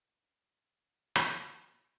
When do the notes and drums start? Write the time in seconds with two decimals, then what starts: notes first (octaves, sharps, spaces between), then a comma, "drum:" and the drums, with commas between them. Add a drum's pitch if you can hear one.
0.22 B3 E4 D#5
1.16 drum: rim click